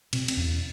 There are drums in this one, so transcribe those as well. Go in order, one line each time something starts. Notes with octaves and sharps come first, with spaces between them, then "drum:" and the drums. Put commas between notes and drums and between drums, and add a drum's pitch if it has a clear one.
B2 C4, drum: cymbal
C4, drum: cymbal
E2 C#4